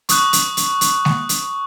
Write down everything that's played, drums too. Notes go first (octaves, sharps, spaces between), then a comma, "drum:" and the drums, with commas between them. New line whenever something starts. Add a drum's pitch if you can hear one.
C#6 D#6 F#6, drum: hi-hat
drum: hi-hat
drum: hi-hat
drum: hi-hat
drum: snare G#3
drum: hi-hat